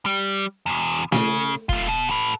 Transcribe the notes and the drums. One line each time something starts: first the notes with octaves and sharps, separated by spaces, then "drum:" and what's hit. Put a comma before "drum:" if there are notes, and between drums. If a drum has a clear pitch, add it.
G3
E2 B2
C#3, drum: snare
A3 F4, drum: kick E1
B2
A4 B4